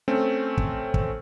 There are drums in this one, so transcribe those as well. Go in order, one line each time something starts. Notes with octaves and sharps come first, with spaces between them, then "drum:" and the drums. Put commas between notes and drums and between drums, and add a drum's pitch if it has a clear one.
A3 C4 C#4
drum: kick
drum: kick